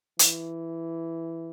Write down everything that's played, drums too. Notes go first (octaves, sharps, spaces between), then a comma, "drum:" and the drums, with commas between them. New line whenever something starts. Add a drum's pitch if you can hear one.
E3, drum: hi-hat